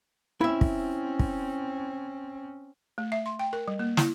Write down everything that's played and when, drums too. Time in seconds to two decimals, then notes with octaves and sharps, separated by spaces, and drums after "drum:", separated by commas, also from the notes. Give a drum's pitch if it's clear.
0.41 C4 C#4 E4 E5
0.61 drum: kick
1.19 drum: kick
2.98 A3
3.12 E5
3.26 C6
3.39 G5
3.53 A#4
3.68 G3
3.79 A#3
3.97 E4, drum: snare